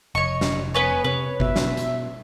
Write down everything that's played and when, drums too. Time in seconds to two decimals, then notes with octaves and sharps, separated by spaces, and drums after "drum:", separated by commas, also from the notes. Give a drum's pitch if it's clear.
0.15 F1 C#5 D#5 C#6
0.41 drum: snare
0.74 B3 B4 C#5 G#5
1.04 C3 B4 C#5
1.40 B2 E5, drum: kick G1
1.56 drum: snare
1.77 drum: hi-hat